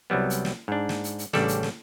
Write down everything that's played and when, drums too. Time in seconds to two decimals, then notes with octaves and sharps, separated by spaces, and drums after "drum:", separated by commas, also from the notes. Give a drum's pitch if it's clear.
0.10 C2 F#3 G3 B3
0.30 drum: hi-hat
0.45 drum: snare
0.68 G#2 D4
0.89 drum: snare
1.04 drum: hi-hat
1.19 drum: hi-hat
1.33 A1 C#3 G3 D4 A4 D5, drum: snare
1.48 drum: hi-hat
1.63 drum: snare